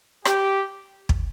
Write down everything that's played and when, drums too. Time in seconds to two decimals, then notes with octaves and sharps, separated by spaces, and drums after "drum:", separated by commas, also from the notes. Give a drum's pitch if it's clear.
0.25 G4, drum: rim click
1.09 drum: kick